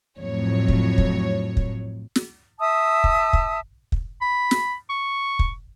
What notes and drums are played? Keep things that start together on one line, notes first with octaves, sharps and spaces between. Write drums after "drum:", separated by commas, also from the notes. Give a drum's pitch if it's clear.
F2 A2 F#3 C#5
drum: kick
drum: kick
drum: kick
drum: snare
E5 A5 D#6 E6
drum: kick
drum: kick
drum: kick
B5
drum: snare
C#6
drum: kick